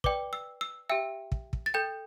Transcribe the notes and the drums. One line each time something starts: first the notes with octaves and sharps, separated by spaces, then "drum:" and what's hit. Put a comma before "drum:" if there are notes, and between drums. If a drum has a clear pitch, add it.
B4 D5 G5 D6, drum: kick
E6
E6
G4 E5 G5 E6
drum: kick
drum: kick
A6
A4 G5 G6